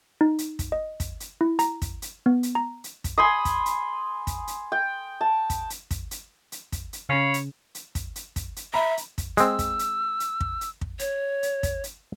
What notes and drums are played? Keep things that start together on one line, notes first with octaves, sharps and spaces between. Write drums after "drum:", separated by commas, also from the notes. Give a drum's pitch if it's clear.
D#4
drum: hi-hat
drum: kick, hi-hat
D#5
drum: kick, hi-hat
drum: hi-hat
E4
A#5, drum: hi-hat
drum: kick, hi-hat
drum: hi-hat
B3
drum: hi-hat
A#5
drum: hi-hat
drum: kick, hi-hat
G#5 B5 C6 D#6
drum: kick, hi-hat
drum: hi-hat
drum: kick, hi-hat
drum: hi-hat
G5
A5
drum: kick, hi-hat
drum: hi-hat
drum: kick, hi-hat
drum: hi-hat
drum: hi-hat
drum: kick, hi-hat
drum: hi-hat
C#3 C#4 C#5 F5 B5
drum: hi-hat
drum: hi-hat
drum: kick, hi-hat
drum: hi-hat
drum: kick, hi-hat
drum: hi-hat
E5 A#5 B5
drum: hi-hat
drum: kick, hi-hat
G#3 C4 E6, drum: hi-hat
drum: kick, hi-hat
drum: hi-hat
drum: hi-hat
drum: kick
drum: hi-hat
drum: kick
C#5, drum: hi-hat
drum: hi-hat
drum: kick, hi-hat
drum: hi-hat